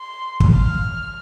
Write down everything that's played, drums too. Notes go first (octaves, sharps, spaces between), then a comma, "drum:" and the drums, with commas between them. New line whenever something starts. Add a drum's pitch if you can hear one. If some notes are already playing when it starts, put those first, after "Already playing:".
Already playing: C6
drum: kick
F6